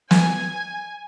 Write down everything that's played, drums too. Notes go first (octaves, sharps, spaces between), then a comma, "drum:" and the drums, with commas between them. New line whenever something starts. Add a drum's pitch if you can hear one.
G#5, drum: snare